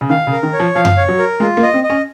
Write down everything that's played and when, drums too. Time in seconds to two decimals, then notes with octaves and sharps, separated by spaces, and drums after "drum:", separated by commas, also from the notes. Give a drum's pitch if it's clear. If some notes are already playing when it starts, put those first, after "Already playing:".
0.01 C#3
0.10 D#3 F5
0.27 C#3
0.31 A#4
0.43 D#3
0.53 C#5
0.60 F3
0.75 F3 F5
0.85 drum: tom F#2
0.97 C#5
1.09 F#3
1.19 A#4
1.40 G#3 F4
1.57 A#3
1.63 D#5
1.74 C4
1.84 D#5
1.90 C#4